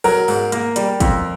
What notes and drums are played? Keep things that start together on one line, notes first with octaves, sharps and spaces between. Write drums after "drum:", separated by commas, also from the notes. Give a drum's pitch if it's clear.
F#3 A#4, drum: open hi-hat
G#2, drum: open hi-hat
A#3, drum: hi-hat
G3, drum: hi-hat
F2, drum: kick, hi-hat